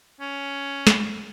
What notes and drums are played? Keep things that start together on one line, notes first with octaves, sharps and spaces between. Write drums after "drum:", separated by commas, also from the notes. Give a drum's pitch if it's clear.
C#4
drum: snare